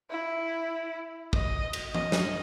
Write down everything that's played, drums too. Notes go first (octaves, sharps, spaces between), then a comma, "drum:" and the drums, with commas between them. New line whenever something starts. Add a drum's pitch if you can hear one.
E4
D#5, drum: kick
drum: cymbal
D#5, drum: tom E3
drum: snare